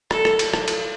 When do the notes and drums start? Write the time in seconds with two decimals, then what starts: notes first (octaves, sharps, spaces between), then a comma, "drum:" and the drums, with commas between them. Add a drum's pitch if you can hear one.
0.11 A4, drum: rim click
0.25 drum: rim click
0.39 drum: cymbal
0.53 drum: rim click
0.68 drum: cymbal